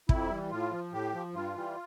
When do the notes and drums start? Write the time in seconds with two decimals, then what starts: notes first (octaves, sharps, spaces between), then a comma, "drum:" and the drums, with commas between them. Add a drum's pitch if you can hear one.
0.09 F2 E4, drum: kick
0.30 E3 G3
0.51 A2 F4
0.72 F3
0.92 A2 G4
1.14 F3
1.34 G2 F4
1.55 E3 G3